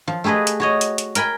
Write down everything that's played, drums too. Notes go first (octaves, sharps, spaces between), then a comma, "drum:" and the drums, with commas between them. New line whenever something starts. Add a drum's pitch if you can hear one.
F3
A3 G4 G#4 B4 D#5
drum: hi-hat
F#4 C#5 D#5
drum: hi-hat
drum: hi-hat
A#4 G5 G#5 B5, drum: hi-hat